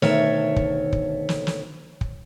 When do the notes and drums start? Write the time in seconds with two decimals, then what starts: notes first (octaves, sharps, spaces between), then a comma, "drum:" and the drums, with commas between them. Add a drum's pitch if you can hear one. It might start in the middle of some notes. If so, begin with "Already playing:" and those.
0.02 D2 B2 D#3 A4 C#5 E5, drum: snare
0.56 drum: kick
0.93 drum: kick
1.29 drum: snare
1.47 drum: snare
2.01 drum: kick